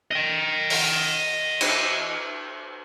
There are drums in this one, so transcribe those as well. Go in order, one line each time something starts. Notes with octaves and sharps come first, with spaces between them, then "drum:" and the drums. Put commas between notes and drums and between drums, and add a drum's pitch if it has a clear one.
D#5 G5
drum: open hi-hat
drum: cymbal